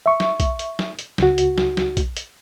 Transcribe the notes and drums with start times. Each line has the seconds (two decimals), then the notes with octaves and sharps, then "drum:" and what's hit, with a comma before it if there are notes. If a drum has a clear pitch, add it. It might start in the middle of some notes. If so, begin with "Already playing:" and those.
0.06 E5 C#6
0.20 drum: snare
0.40 drum: kick, hi-hat
0.59 drum: hi-hat
0.79 drum: snare
0.99 drum: hi-hat
1.18 C#2 F#4, drum: snare
1.38 drum: hi-hat
1.58 drum: snare
1.77 drum: snare
1.97 drum: kick, hi-hat
2.17 drum: hi-hat